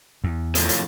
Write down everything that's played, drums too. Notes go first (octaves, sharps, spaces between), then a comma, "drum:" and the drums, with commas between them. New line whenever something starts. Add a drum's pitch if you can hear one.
E2
F2 A2, drum: hi-hat
drum: hi-hat